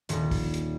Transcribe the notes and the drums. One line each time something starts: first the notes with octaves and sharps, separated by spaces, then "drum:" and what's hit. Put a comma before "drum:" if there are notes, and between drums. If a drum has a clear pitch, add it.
D#1, drum: hi-hat
drum: kick, open hi-hat
drum: hi-hat